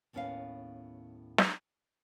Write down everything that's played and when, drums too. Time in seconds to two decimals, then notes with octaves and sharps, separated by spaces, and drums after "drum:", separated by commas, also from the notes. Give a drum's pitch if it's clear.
0.13 D#2 A2 B3 C#4 B4 F5
1.38 drum: snare